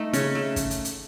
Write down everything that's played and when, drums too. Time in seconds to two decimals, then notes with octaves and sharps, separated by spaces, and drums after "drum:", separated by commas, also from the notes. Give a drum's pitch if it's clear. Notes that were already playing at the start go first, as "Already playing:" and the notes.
Already playing: A3 D#4
0.13 C#3 C#4, drum: hi-hat
0.35 A3
0.56 drum: kick, hi-hat
0.70 drum: hi-hat
0.85 drum: hi-hat